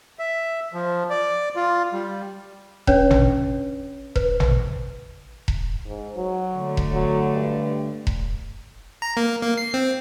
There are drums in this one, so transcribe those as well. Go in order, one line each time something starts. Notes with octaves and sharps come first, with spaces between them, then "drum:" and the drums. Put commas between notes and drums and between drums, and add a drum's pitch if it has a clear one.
E5
F3
D5
F4
G3
C#4 D4 B4 C#5, drum: kick E1
drum: tom A1
B4 C5, drum: kick E1
drum: tom A1
drum: kick E1
G#2
F#3
D3 A3
drum: kick E1
F#3
G2
drum: kick E1
A#5
A#3
A#3
C7
C4